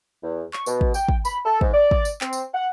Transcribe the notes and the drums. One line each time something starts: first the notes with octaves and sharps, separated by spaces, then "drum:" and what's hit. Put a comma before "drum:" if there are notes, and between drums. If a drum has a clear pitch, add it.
E2
C#6, drum: clap
B2, drum: tambourine
drum: kick
G5, drum: tambourine
drum: kick
B5, drum: tambourine
A4
G#2, drum: kick
D5
drum: kick
drum: tambourine
C4, drum: clap
drum: tambourine
F#5